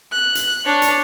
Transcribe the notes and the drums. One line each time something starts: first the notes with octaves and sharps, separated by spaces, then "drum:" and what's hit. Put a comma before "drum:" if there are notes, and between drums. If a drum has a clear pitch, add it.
F#6
drum: hi-hat
D4 C#5
drum: hi-hat